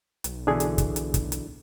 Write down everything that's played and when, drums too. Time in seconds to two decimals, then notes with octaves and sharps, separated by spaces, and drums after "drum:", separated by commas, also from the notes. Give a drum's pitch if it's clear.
0.24 B1, drum: hi-hat
0.47 B2 D3 E3 D4 G#4
0.60 drum: hi-hat
0.78 drum: kick, hi-hat
0.96 drum: hi-hat
1.14 drum: kick, hi-hat
1.32 drum: hi-hat